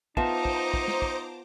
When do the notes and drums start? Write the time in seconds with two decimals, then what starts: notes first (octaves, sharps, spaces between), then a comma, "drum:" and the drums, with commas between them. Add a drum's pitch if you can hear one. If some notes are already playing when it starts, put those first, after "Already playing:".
0.17 B3 D#4 F4 C5 E5 A5 A#5 D6, drum: kick
0.45 drum: kick
0.74 drum: kick
0.88 drum: snare
1.02 drum: kick